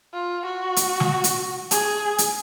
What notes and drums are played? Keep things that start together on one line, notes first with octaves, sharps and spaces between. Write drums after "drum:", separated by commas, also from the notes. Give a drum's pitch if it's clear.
F4
F#4
drum: hi-hat
drum: snare
drum: hi-hat
G#4, drum: hi-hat
drum: hi-hat